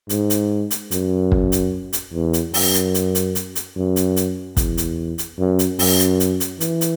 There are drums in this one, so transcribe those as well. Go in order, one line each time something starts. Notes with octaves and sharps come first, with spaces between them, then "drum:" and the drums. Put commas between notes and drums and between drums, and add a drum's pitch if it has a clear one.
G#2, drum: hi-hat
drum: hi-hat
drum: hi-hat
F#2, drum: hi-hat
drum: kick
drum: hi-hat
drum: hi-hat
E2
drum: hi-hat
F#2, drum: open hi-hat
drum: hi-hat
drum: hi-hat
drum: hi-hat
drum: hi-hat
drum: hi-hat
F#2
drum: hi-hat
drum: hi-hat
E2, drum: kick, hi-hat
drum: hi-hat
drum: hi-hat
F#2
drum: hi-hat
F#2, drum: open hi-hat
drum: hi-hat
drum: hi-hat
drum: hi-hat
E3, drum: hi-hat
drum: hi-hat